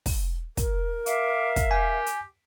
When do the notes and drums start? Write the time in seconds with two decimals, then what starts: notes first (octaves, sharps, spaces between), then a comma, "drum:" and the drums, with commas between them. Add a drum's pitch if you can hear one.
0.06 drum: kick, open hi-hat
0.57 A#4, drum: kick, hi-hat
1.06 E5 F5 D6, drum: hi-hat
1.56 drum: kick, hi-hat
1.71 G4 G#5
2.06 drum: hi-hat